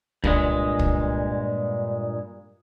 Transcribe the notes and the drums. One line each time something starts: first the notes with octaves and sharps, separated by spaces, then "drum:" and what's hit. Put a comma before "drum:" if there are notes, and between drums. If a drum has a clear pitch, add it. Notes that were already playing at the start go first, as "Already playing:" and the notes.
G2 A#2 G#3, drum: kick
drum: kick